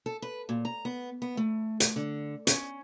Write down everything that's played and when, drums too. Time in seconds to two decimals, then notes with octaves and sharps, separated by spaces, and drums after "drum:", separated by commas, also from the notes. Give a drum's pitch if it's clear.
0.06 A4
0.22 B4
0.49 A#2
0.65 A#5
0.85 B3
1.22 B3
1.37 A3
1.80 drum: hi-hat
1.96 D3
2.47 C#4, drum: hi-hat